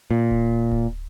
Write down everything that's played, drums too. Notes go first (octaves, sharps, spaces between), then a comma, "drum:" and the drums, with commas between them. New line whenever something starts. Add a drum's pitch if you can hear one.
A#2
drum: kick D1
drum: kick D1